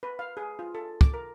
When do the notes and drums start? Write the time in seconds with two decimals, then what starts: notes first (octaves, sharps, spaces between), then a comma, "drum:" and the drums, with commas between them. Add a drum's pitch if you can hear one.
0.03 B4
0.19 F5
0.37 G#4
0.59 F4
0.75 A4
1.01 D6, drum: kick
1.14 A#4